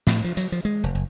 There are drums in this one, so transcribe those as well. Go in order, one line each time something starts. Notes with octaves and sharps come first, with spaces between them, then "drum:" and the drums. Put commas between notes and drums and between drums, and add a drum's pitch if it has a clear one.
A2, drum: snare
F3
F#3, drum: hi-hat
F3
G#3
F1
F#1